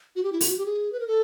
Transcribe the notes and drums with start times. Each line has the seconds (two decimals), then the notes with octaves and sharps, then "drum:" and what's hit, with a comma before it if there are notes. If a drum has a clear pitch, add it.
0.16 F#4
0.23 G4
0.32 E4
0.41 F4, drum: open hi-hat
0.48 F#4
0.58 G4
0.66 G#4
0.92 B4
1.00 A#4
1.07 A4